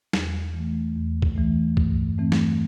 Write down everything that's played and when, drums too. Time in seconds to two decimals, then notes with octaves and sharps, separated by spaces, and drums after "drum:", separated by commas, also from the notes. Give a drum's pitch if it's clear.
0.13 E2, drum: snare
0.54 E3 A3
0.96 E2
1.22 drum: kick C2
1.36 E3 A3
1.77 G2, drum: kick C2
2.18 E3 A3 C4
2.32 drum: snare